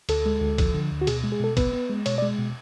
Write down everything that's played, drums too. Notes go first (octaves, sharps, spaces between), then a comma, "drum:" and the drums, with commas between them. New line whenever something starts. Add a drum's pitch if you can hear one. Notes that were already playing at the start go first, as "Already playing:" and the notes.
D2 A4, drum: cymbal
G#3
D2
F3, drum: kick, cymbal
D3
D2
F#4
B2 G#4, drum: cymbal
G#3
G#4
B2 A4
B3 B4, drum: kick, cymbal
B3
G#3
B2 C#5, drum: cymbal
D5
G#3
B2